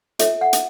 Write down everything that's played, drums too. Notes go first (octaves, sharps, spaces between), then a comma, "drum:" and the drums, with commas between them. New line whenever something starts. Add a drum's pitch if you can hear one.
F4 A4 C#5 E5, drum: hi-hat
F#5
drum: hi-hat